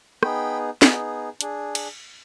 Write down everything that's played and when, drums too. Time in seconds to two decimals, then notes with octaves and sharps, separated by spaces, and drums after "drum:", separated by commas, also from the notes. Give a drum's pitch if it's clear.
0.23 B3 D#4 G#4 G5 B5, drum: rim click
0.82 B3 D#4 G#4, drum: snare
1.41 D4 G#4, drum: hi-hat
1.75 drum: cymbal